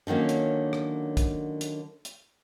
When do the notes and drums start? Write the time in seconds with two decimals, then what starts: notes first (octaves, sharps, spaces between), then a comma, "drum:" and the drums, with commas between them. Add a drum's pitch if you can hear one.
0.07 D3 D#3 F#3 A#3 C#4
0.29 drum: hi-hat
0.73 drum: rim click
1.17 drum: kick, hi-hat
1.61 drum: hi-hat
2.05 drum: hi-hat